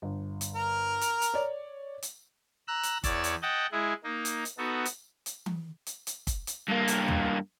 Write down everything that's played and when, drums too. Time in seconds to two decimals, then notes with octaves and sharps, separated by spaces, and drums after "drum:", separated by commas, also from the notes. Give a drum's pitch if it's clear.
0.02 G1
0.41 drum: hi-hat
0.55 A#4
1.01 drum: hi-hat
1.22 drum: hi-hat
1.34 C#5 D5
2.02 drum: hi-hat
2.68 A#5 E6 F#6
2.83 drum: hi-hat
3.04 E2 C#5 D5 E6 A6, drum: kick, hi-hat
3.24 drum: hi-hat
3.42 D#5 F#5 G5 A5
3.72 G#3 E4 G#4
4.04 A#3 D#4
4.25 drum: hi-hat
4.45 drum: hi-hat
4.58 B3 D#4 F#4 A4
4.85 drum: hi-hat
5.26 drum: hi-hat
5.46 drum: tom E3
5.87 drum: hi-hat
6.07 drum: hi-hat
6.27 drum: kick, hi-hat
6.47 drum: hi-hat
6.69 G2 A#3
6.88 drum: hi-hat
7.08 drum: tom